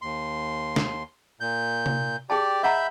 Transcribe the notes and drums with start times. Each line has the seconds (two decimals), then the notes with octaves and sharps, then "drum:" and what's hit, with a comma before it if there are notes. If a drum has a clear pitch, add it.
0.02 D#2 C6
0.76 drum: snare
1.40 A#2 G6
1.86 drum: tom C3
2.30 G4 G#4 D5 G5 A5
2.63 D#5 E5 F#5 A#5 B5 G6